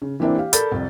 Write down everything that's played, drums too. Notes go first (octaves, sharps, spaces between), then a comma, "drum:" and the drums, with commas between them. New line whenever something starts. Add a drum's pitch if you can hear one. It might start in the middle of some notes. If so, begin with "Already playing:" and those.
C#3
E3 A#3 C4 D4 E4
G4 F5
A4 A#4 D5 B5 G6 A6, drum: hi-hat
C2 F2